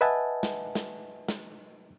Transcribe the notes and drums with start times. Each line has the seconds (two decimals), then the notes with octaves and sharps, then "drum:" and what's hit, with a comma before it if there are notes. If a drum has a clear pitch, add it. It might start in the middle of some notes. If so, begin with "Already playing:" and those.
0.01 B4 D#5 E5 F#5 G#5 A5
0.43 drum: snare
0.75 drum: snare
1.28 drum: snare